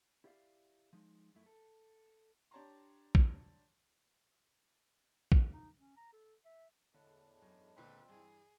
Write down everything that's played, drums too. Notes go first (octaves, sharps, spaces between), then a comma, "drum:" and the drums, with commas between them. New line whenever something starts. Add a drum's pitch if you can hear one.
E4 G4 D5 E5 F5
F3 G#3 D#4
F#2 A3 E4
A4
D4 G4 C#5 A5 A#5 C6
drum: kick A#1
drum: kick A#1
D#4
C#4
A#5
A4
E5
E2 A2 D3 G#3 D4
F#2
C#2 A#2 D3 C4 B4
G2 E3 G#4